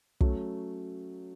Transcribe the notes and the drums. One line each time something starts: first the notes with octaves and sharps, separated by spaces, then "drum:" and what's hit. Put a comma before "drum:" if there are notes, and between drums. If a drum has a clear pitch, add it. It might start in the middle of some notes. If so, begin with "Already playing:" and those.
F#3 A3 C#4, drum: kick